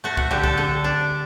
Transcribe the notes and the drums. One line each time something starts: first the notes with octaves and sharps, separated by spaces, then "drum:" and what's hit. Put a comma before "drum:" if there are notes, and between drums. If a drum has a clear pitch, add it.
A3 F#4
F#4, drum: kick C2
D3 G4
A4, drum: kick C2
D3
D4